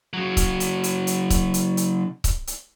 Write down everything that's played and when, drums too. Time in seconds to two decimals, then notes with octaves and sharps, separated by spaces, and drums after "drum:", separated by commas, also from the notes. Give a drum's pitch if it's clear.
0.13 C#3 F#3
0.37 drum: kick C#1, hi-hat
0.60 drum: hi-hat
0.84 drum: hi-hat
1.07 drum: hi-hat
1.30 drum: kick C#1, hi-hat
1.54 drum: hi-hat
1.77 drum: hi-hat
2.24 drum: kick C#1, hi-hat
2.47 drum: hi-hat